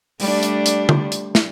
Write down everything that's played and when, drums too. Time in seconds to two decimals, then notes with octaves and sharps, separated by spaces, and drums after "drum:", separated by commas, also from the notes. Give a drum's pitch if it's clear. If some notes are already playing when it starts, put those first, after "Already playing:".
0.20 G3 A3 D4, drum: open hi-hat
0.43 drum: hi-hat
0.66 drum: hi-hat
0.89 drum: tom D3
1.12 drum: hi-hat
1.35 drum: snare